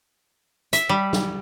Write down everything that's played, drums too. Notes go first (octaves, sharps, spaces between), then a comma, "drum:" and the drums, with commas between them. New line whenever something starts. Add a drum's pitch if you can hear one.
E5, drum: hi-hat
G3
drum: snare